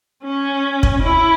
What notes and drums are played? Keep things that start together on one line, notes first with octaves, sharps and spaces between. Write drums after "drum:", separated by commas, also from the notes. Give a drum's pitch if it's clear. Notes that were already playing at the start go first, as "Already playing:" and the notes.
C#4
drum: kick
E4